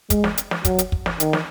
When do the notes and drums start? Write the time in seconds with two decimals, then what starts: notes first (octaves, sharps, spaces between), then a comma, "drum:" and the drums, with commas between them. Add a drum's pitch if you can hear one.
0.10 G#3, drum: kick, hi-hat
0.24 drum: snare
0.38 drum: hi-hat
0.51 drum: snare
0.65 F#3, drum: kick, hi-hat
0.79 drum: hi-hat
0.92 drum: kick
1.06 drum: snare
1.20 D#3, drum: hi-hat
1.33 drum: snare